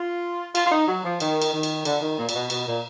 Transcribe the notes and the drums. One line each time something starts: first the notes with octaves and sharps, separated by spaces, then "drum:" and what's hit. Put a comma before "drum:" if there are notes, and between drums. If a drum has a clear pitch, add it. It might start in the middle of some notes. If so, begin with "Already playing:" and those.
Already playing: F4
F4, drum: cymbal
F4
D#4
F#3
F3
D#3, drum: cymbal
drum: cymbal
D#3
drum: cymbal
D3, drum: cymbal
D#3
A#2
A#2, drum: cymbal
B2
B2, drum: cymbal
A#2